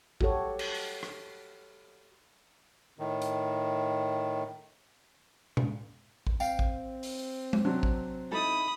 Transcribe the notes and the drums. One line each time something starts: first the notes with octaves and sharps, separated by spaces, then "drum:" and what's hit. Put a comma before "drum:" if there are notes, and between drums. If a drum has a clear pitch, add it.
F#4 G4 A4 C#5, drum: kick A1
drum: cymbal
drum: open hi-hat
drum: rim click
A2 D#3
drum: hi-hat
drum: tom B2
drum: kick A1
C4 F5 G5, drum: tambourine
drum: kick A1
drum: open hi-hat
drum: tom G#3
C3 F#3 D4
drum: kick A1
D#4 E4 A4 B5 D#6